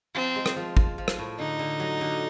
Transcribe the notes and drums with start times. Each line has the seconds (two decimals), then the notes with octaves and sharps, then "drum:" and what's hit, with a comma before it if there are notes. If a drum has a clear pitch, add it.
0.15 F3 C4
0.36 G#3
0.46 drum: rim click
0.56 F3
0.77 F3, drum: kick
0.98 F3
1.08 drum: rim click
1.19 A2
1.39 D3 D#4
1.59 D3
1.80 F#3
2.01 D3